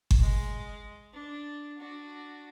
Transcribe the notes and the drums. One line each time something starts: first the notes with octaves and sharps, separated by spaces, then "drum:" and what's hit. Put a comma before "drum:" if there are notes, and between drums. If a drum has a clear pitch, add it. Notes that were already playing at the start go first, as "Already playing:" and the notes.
drum: kick G1
G#3
D4
D4 F#4